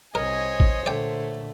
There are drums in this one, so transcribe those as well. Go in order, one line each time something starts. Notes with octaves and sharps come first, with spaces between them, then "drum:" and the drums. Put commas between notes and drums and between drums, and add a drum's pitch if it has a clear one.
C2 A#4 C5 C#5 D#5 G#5
drum: kick A1
A#2 D3 A3 D5 G5